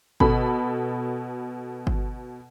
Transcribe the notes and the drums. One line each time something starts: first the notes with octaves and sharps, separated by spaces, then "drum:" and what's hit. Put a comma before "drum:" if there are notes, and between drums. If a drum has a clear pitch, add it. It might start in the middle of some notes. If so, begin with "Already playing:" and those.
B2 A4 B5, drum: kick G1
drum: kick G1